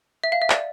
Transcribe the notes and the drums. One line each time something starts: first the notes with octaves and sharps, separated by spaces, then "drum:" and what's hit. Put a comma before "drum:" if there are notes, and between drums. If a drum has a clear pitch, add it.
E5
F5
E5
D5, drum: clap